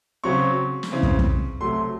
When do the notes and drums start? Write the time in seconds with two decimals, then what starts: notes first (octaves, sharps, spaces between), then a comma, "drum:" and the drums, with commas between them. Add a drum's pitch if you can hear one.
0.24 C#3 F#3 C4 C#6
0.83 drum: snare
0.92 C#3 E3 C4
1.03 drum: kick
1.19 drum: kick
1.60 C3 F#3 A3 C6